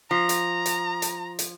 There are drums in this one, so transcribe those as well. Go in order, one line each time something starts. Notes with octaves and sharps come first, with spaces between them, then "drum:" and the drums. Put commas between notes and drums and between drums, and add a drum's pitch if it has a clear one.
F3 A#5
drum: hi-hat
drum: hi-hat
drum: hi-hat
drum: hi-hat